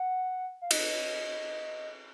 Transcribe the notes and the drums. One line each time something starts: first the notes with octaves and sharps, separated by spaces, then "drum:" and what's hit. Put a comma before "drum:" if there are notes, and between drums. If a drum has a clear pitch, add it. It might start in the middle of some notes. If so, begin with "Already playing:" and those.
Already playing: F#5
F5
D#5, drum: cymbal